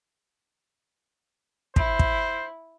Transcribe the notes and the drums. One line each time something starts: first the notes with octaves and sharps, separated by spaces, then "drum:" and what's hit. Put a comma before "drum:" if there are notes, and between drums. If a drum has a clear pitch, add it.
E4 C5, drum: kick
drum: kick